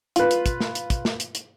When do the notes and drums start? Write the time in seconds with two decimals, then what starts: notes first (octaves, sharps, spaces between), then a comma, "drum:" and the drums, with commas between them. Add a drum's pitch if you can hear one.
0.16 F4 B4, drum: hi-hat
0.31 drum: hi-hat
0.46 drum: kick, hi-hat
0.60 drum: snare
0.75 drum: hi-hat
0.90 drum: kick, hi-hat
1.05 drum: snare
1.20 drum: hi-hat
1.35 drum: hi-hat